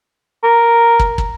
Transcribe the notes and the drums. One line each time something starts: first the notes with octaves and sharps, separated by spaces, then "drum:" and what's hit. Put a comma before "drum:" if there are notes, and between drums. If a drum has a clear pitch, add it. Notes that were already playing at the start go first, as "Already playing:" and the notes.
A#4
drum: kick
drum: kick